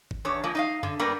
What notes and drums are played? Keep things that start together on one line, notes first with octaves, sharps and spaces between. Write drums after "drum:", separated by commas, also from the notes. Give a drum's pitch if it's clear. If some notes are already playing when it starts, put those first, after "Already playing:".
drum: kick
E2 D4 C#5
F3 G#3 A#3
D#4 D5 F5
D3, drum: tom F2
G3 A#3 B3 D4 A#4